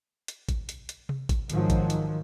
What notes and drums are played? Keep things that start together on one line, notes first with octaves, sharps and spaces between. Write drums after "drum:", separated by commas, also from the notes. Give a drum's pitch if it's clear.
drum: hi-hat
drum: kick G#1, hi-hat
drum: hi-hat
drum: hi-hat
drum: tom C3
drum: kick G#1, hi-hat
G#2 D#3 F3 F#3, drum: hi-hat
drum: kick G#1, hi-hat
drum: hi-hat